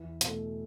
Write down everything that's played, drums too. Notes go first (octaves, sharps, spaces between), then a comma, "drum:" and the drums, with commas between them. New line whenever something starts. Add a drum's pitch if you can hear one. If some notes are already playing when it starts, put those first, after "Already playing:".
Already playing: E2 E4
B2 A3, drum: hi-hat